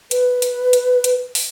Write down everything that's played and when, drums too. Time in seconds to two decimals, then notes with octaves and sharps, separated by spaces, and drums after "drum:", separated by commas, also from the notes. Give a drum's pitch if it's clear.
0.11 B4, drum: hi-hat
0.42 drum: hi-hat
0.73 drum: hi-hat
1.04 drum: hi-hat
1.35 drum: open hi-hat